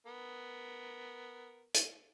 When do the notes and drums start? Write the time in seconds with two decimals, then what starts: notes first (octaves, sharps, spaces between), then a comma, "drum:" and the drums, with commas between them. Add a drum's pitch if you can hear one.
0.07 B3 A#4
1.74 drum: hi-hat